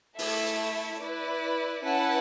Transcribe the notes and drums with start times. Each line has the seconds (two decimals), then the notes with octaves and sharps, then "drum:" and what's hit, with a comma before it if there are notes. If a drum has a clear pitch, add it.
0.19 A3 E4 A4 E5, drum: open hi-hat
1.01 E4 B4 D5
1.83 C#4 E4 B4 F#5 A5